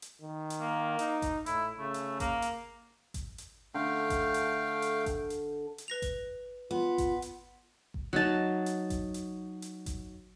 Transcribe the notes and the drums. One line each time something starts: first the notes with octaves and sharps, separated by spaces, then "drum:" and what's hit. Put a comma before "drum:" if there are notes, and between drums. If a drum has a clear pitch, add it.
drum: hi-hat
D#3
drum: hi-hat
A#3
D#4, drum: hi-hat
drum: kick G#1, hi-hat
A2 E4, drum: hi-hat
C#3 A3
drum: hi-hat
A#3, drum: kick G#1, hi-hat
drum: hi-hat
drum: kick G#1, hi-hat
drum: hi-hat
D3 A3 F5 G5
drum: kick G#1, hi-hat
drum: hi-hat
drum: hi-hat
drum: kick G#1, hi-hat
drum: hi-hat
drum: hi-hat
B4 A#6 F7
drum: kick G#1, hi-hat
B3 F4
drum: kick G#1, hi-hat
drum: hi-hat
drum: kick G#1
F#3 D#4 A5
drum: hi-hat
drum: kick G#1, hi-hat
drum: hi-hat
drum: hi-hat
drum: kick G#1, hi-hat